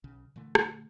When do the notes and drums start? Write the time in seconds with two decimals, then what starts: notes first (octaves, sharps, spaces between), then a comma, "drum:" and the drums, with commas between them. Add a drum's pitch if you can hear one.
0.04 B1 C#3
0.36 A#2 D3 E3 A3
0.55 A#2 D3 A3, drum: rim click